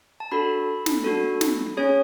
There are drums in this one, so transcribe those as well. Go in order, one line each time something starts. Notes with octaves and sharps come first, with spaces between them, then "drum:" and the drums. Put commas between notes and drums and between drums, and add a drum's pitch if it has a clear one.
A5
D4 F#4 A4 B5
drum: snare
D4 F#4 A4
drum: snare
C#4 G#4 C#5